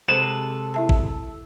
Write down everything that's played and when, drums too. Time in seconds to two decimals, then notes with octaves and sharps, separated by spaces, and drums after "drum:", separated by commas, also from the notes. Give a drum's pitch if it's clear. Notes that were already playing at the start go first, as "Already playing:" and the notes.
0.08 C3 G#3 A4 B4 C5 E7
0.74 E4 E5 A5
0.89 drum: kick G#1